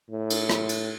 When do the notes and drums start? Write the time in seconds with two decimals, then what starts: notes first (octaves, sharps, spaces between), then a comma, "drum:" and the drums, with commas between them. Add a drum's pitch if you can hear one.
0.11 A2
0.30 drum: cymbal
0.50 drum: rim click
0.69 drum: cymbal